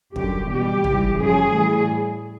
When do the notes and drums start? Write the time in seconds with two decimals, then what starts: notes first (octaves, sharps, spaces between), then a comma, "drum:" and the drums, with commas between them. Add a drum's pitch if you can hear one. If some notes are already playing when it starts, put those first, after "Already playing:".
0.16 F#2 D3 G3 G4, drum: kick
0.50 E2 B2 G3 G4
0.84 G#2 E3 G3, drum: tom
1.17 F#2 C#3 F3 G#4
1.51 A2 E3 G3